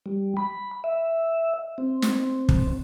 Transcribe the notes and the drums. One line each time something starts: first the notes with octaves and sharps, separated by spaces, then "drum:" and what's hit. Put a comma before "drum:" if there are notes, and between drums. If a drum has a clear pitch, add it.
G3
B5
E5
C4
drum: snare
drum: kick